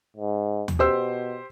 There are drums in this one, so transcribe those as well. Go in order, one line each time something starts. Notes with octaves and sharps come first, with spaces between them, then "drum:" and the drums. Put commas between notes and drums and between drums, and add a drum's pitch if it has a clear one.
G#2
drum: tom D#2
B2 G4 C5 E6